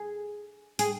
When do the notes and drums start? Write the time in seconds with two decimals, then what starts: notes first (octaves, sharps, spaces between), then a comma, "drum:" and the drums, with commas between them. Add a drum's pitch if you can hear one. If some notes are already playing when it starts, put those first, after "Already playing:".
Already playing: G#4
0.79 G#4, drum: open hi-hat